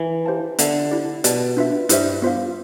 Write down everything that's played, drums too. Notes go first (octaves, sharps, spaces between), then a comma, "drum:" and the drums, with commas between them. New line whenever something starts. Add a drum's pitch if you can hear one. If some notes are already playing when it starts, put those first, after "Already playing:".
Already playing: E3
G4 C5 F5 A5
D3 B3 F4 A4 E5, drum: hi-hat
E4 G4 D5
B2 G4 D5 A5, drum: hi-hat
D4 F4 B4 E5
G2 E4 G4 C5 E5, drum: hi-hat
B3 F4 C5 F5